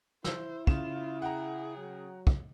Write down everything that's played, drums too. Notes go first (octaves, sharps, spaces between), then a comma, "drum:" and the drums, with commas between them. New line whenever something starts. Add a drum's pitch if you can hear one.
E4 C5 E6, drum: snare
C#3 F4 E7, drum: kick
G#4 F#5 G5 A#5
F#3
drum: kick